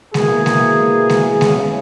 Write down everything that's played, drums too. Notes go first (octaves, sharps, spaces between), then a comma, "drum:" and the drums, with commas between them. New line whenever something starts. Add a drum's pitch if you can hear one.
B2 A#3 E4 G#4, drum: snare G#3
drum: snare G#3
drum: snare G#3
F#1 E2 C#3, drum: snare G#3